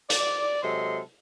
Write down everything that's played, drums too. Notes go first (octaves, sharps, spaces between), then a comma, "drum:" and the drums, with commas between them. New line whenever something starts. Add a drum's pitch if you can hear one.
D5, drum: hi-hat
C3 F#3 G#3 A4 D#5 C6